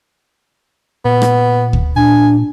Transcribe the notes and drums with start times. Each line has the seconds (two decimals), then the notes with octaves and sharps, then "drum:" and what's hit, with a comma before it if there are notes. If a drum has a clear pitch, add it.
1.05 A#2 B3
1.22 drum: rim click
1.73 drum: kick
1.96 A#2 D4 G#5